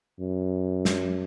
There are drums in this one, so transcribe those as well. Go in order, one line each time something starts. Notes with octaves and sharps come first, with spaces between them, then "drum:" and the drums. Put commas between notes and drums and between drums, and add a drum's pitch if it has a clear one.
F#2
drum: snare